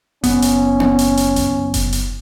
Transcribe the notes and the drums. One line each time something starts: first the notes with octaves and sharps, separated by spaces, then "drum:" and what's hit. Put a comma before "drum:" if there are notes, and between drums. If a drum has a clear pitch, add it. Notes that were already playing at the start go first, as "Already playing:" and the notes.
F#1 B3 C#4, drum: kick F#1, hi-hat
drum: hi-hat
drum: tom B3
drum: hi-hat
drum: hi-hat
drum: kick F#1, hi-hat
drum: kick F#1, hi-hat
drum: hi-hat